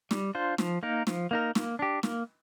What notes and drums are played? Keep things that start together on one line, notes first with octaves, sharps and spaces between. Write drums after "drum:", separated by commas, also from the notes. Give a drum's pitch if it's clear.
G3, drum: snare
D4 F4 C5
F3, drum: snare
A#3 D#4 A#4
F3, drum: snare
A#3 D#4 A#4
A#3, drum: snare
D4 G4
A#3, drum: snare